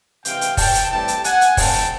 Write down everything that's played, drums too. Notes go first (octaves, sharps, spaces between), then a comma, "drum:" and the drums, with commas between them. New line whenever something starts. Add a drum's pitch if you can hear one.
C3 E3 G#3 F5 G5, drum: hi-hat
drum: hi-hat
G5 A5, drum: kick, open hi-hat
drum: hi-hat
A2 E3 G3 C4 G5 A5
drum: hi-hat
F#5 G#5, drum: hi-hat
drum: hi-hat
D3 F3 A3 C4 G5 A5, drum: kick, open hi-hat